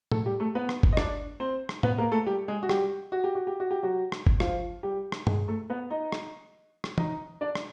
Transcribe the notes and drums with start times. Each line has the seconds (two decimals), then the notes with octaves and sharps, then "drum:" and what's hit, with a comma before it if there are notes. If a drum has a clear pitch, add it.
0.12 A3 A4, drum: tom
0.26 G3 G4
0.40 A3 A4
0.55 B3 B4
0.69 drum: rim click
0.83 drum: kick G1
0.93 D#5
0.97 D4 D5, drum: rim click
1.40 C4 C5
1.69 drum: rim click
1.83 B3 B4, drum: tom
1.98 A#3 A#4
2.11 A3 A4
2.26 G3 G4
2.48 G#3 G#4
2.63 F#4
2.69 G3 G4, drum: rim click
3.12 F#4
3.24 G4
3.35 F#4
3.47 G4
3.60 F#4
3.71 G4
3.83 F#3 F#4
4.12 drum: rim click
4.27 drum: kick G1
4.40 F3 F4, drum: rim click
4.83 G3 G4
5.12 drum: rim click
5.27 G#3 G#4, drum: tom G2
5.48 A3 A4
5.70 B3 B4
5.90 D#4 D#5
6.12 drum: rim click
6.84 drum: rim click
6.98 D#4 D#5, drum: tom
7.41 D4 D5
7.55 drum: rim click